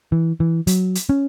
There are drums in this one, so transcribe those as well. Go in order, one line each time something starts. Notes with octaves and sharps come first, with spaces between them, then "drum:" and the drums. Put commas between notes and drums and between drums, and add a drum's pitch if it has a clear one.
E3
E3
F#3, drum: hi-hat
drum: hi-hat
C#4